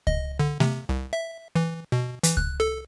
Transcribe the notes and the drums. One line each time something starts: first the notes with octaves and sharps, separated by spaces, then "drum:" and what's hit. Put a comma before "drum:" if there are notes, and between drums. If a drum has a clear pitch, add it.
D#5, drum: kick C#2
D3
C3, drum: snare A3
C2
E5
E3
B2
E3, drum: hi-hat
F#6, drum: kick C#2
A4